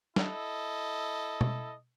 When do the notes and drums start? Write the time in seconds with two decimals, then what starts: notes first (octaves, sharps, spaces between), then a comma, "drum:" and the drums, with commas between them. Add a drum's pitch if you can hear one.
0.16 E4 A4 D#5, drum: snare
1.41 drum: tom B2